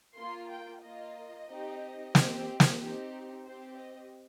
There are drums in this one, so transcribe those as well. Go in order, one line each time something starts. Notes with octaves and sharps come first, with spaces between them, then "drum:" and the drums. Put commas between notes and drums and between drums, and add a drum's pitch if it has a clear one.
A#3 F4 C6
G5
A#3 F4 D#5
C4 D#4 G4
C4 G4, drum: snare
drum: snare
C4 D#4 G4
C4 G4 C5
D#5